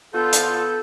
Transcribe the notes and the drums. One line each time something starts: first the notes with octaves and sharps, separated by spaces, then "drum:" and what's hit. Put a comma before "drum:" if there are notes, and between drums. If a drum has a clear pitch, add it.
D3 B3 F4 A4 G6
drum: hi-hat